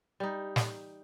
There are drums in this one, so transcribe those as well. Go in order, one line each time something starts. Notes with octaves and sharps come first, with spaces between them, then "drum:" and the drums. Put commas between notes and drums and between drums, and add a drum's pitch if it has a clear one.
G3 D#4
drum: snare